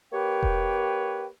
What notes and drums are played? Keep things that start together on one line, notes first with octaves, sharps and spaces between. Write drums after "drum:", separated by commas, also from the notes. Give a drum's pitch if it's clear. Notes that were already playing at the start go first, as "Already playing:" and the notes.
A#3 G4 B4 C#5 G5
drum: kick E1